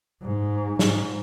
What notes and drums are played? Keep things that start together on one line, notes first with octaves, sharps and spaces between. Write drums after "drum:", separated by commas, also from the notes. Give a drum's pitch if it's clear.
G#2
G#2, drum: snare